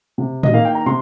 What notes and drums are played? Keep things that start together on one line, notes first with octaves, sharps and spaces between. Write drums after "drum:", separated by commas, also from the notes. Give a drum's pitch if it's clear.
C3
D#5, drum: tom A2
D#3 A#3 F5
G5
A#5
C3 C6